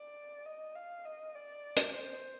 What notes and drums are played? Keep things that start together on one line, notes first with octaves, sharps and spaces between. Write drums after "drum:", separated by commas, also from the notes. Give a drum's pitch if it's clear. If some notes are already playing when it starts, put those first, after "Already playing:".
Already playing: D5
D#5
F5
D#5
D5
drum: hi-hat
C5